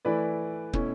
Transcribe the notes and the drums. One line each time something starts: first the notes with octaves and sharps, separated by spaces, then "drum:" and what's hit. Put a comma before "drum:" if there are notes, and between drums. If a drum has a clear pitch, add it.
E3 A3 E4 B4 D5
B2 A3 C#4 E4, drum: kick